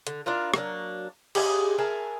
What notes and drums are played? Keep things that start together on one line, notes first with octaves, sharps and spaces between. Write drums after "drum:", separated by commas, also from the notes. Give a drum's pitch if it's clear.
D3, drum: hi-hat
D4 E4 F4 A#4
F#3 A#3 D4, drum: rim click
G4 G#4 D#5, drum: cymbal
G#4 A#4 E5 A5